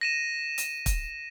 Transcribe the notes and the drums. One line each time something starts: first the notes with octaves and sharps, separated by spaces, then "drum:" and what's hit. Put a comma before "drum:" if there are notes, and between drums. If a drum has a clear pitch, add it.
A#6 D#7 E7
drum: hi-hat
drum: kick, hi-hat